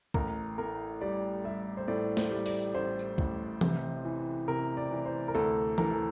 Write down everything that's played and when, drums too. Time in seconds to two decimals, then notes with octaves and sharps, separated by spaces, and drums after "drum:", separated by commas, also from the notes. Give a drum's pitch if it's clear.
0.14 A1 A#4, drum: kick
0.58 A2 A#4
1.01 G3 D5
1.44 G3 E5
1.77 C5
1.88 A2 D5
2.17 C5, drum: snare
2.31 G3
2.46 D5, drum: open hi-hat
2.75 A1 C5
2.99 drum: tambourine
3.18 A1, drum: kick
3.61 C3, drum: tom E3
4.05 E3
4.48 C3 A#4
4.77 D5
4.91 E3
5.06 C5
5.28 A#4
5.35 D2 A4, drum: tambourine
5.78 E3 A#4, drum: tom E3
5.91 A4